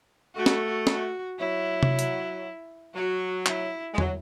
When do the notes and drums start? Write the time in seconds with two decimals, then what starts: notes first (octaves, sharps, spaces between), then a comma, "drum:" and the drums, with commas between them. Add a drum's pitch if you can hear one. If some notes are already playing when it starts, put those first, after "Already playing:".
0.35 A3 F#4
0.46 drum: snare
0.87 F#4, drum: snare
1.39 F#3 E4
1.83 drum: tom C3
1.99 drum: hi-hat
2.94 F#3 F#4
3.46 E4, drum: clap
3.94 G#3
3.98 F#3, drum: tom E2